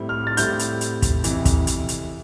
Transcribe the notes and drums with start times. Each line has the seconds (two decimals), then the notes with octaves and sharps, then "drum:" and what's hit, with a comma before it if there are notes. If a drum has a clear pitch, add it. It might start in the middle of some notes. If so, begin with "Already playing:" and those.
Already playing: A2 G3 C4 E4
0.09 F6
0.27 A6
0.37 A2 G3 C4 E4 G6, drum: hi-hat
0.59 drum: hi-hat
0.81 drum: hi-hat
1.02 drum: kick, hi-hat
1.24 F2 C3 E3, drum: hi-hat
1.45 drum: kick, hi-hat
1.67 drum: hi-hat
1.89 drum: hi-hat